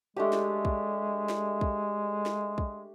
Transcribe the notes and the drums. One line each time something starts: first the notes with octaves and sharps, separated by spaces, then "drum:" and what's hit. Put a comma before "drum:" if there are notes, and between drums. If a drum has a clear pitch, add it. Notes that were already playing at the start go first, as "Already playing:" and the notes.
G#3 A3 D4 G4
drum: snare
drum: kick
drum: snare
drum: kick
drum: snare
drum: kick